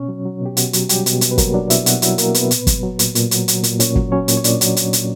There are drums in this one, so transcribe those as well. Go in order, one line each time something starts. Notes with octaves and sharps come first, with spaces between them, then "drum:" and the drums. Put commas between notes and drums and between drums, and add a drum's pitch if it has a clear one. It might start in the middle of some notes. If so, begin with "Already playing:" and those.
Already playing: B2 C#4 C#5
F#3
F#3
B2 G4
B2 F#4, drum: hi-hat
F#3, drum: hi-hat
F#3 G3 G4, drum: hi-hat
B2, drum: hi-hat
B2, drum: hi-hat
B4
F#3 A#3 A#4, drum: kick, hi-hat
F#3 D4 D5
B2 E4 E5, drum: hi-hat
B2 F#4 F#5, drum: hi-hat
F#3 E4 E5, drum: hi-hat
F#3 A#3 A#4, drum: hi-hat
B2 B3 B4, drum: hi-hat
A#2, drum: hi-hat
F#3, drum: kick, hi-hat
F#3
A#2, drum: hi-hat
A#2, drum: hi-hat
F#3, drum: hi-hat
F#3, drum: hi-hat
A#2, drum: hi-hat
A#2 C#4 C#5, drum: hi-hat
F#3, drum: kick
F#3 C#4 C#5
A#2, drum: hi-hat
C#5
A#2 D4 D5, drum: hi-hat
F#3, drum: hi-hat
F#3, drum: hi-hat
A#2, drum: hi-hat